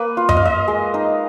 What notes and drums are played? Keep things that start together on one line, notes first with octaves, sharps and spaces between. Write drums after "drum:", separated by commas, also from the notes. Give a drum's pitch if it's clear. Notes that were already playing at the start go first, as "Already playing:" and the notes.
Already playing: A#3 B4
F4
D#5, drum: tom F#2
F5
F4 D#5
G#3
D#4